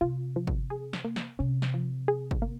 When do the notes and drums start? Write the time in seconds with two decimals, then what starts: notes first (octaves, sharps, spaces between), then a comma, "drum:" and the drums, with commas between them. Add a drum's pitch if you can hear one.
0.01 C3 F4
0.36 F3
0.47 drum: kick
0.70 G#4
0.93 drum: snare
1.05 A#3
1.16 drum: snare
1.39 C3 C#4
1.62 drum: snare
1.74 F3
2.08 G#4
2.31 drum: kick
2.42 A#3